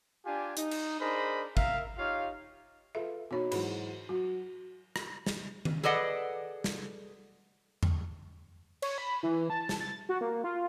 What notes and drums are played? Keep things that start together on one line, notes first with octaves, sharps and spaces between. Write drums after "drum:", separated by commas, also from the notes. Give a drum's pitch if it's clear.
D4 F4 G4 G#5
D#4, drum: hi-hat
drum: cymbal
D4 G#4 A#4 C5 D#5 B5
A#4 E5 F5, drum: kick
D#4 F4 G4 C#5 F5
F4 A4 B4 E5
B2 D#4 F#4 C#5 B5
G#2 E3 F#3 B5, drum: cymbal
F#3 F#4
drum: rim click
drum: snare
drum: tom D#3
G#4 A4 B4 D5 D#5 F#5
drum: snare
drum: tom E2
C#5, drum: cymbal
B5
E3
A5
drum: snare
A6
F#4
A#3
F4